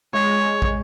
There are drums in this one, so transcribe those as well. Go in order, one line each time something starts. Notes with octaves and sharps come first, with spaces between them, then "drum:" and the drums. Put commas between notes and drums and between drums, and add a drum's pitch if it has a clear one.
G#3 C#5
drum: kick